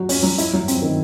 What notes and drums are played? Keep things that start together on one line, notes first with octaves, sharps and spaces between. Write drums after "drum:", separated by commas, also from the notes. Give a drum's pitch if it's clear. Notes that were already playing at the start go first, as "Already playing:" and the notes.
Already playing: F#3 F#4
C#4, drum: open hi-hat
F#3
E4, drum: hi-hat
F#3
C4, drum: hi-hat
D#3